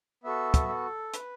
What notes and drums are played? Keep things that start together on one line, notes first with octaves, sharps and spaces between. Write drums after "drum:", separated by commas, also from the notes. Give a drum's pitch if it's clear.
B3 F#4 A4 E5
drum: kick, hi-hat
A4
B4, drum: hi-hat